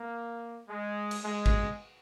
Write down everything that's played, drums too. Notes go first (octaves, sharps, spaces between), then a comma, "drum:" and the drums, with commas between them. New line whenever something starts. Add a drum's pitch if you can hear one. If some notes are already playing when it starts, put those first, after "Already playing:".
Already playing: A#3
G#3
drum: cymbal
G#3
drum: kick G#1